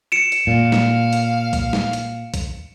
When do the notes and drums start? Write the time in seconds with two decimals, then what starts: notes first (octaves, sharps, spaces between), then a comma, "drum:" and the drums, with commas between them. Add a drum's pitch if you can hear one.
0.12 C#7 D7 E7
0.32 drum: hi-hat
0.47 A#2 F5
0.72 drum: snare
1.13 drum: hi-hat
1.53 drum: kick B1, hi-hat
1.73 drum: snare
1.93 drum: hi-hat
2.34 drum: kick B1, hi-hat